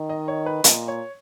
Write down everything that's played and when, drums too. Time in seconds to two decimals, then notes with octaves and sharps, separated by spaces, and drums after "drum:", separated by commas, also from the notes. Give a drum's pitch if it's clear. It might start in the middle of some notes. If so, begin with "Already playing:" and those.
Already playing: D#3
0.10 D#5
0.28 C#5
0.46 B4
0.64 A#2 D#5, drum: hi-hat
0.88 C#5